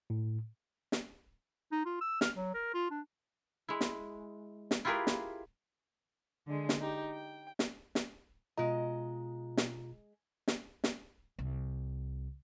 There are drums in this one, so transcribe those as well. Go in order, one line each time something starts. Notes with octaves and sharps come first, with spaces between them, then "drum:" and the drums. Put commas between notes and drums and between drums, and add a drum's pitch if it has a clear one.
A2
drum: snare
D#4
F4
E6
F6, drum: snare
F#3
A#4
F4
D4
G#3 E4
drum: snare
drum: snare
E4 F4 G4 G#4 A#4 B4
drum: snare
D3 G#3
drum: snare
D#4 G4
G5
drum: snare
drum: snare
B2 G#3 F4 D#5 A#5
drum: snare
drum: snare
drum: snare
C2